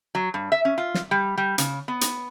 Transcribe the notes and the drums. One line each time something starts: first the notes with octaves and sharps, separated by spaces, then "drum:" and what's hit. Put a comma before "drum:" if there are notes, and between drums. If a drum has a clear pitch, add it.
F#3
G2
E5
C#4
F4
drum: snare
G3
G3
C#3, drum: hi-hat
B3
drum: hi-hat